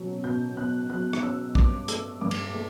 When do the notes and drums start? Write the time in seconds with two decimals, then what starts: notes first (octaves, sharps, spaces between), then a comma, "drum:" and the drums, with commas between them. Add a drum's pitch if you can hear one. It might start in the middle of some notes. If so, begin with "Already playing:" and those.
Already playing: B2 F#3 C#4
0.24 B2 G6
0.57 B2 F#6
0.90 F#3 F#6
1.13 drum: rim click
1.22 C#4 E6
1.55 G2 D6, drum: kick
1.88 A3 E6, drum: hi-hat
2.21 G2 D6
2.31 drum: cymbal
2.54 A3